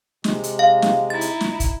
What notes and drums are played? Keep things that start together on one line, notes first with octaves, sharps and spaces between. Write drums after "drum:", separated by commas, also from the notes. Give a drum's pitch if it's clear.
C3 G#3, drum: snare
drum: hi-hat
F5
drum: snare
D#4 E4 A6
drum: hi-hat
drum: snare
drum: kick, hi-hat